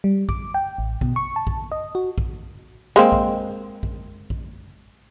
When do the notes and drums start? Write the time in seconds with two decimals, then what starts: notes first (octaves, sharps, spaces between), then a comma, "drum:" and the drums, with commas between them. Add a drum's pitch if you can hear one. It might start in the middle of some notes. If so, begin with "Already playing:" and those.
0.04 G3
0.29 D6, drum: kick
0.54 G5
0.78 A1
1.01 B2, drum: kick
1.16 C#6
1.36 A5
1.47 drum: kick
1.72 D#5
1.95 F#4
2.18 drum: kick
2.96 G#3 A#3 C4
3.12 drum: kick
3.83 drum: kick
4.30 drum: kick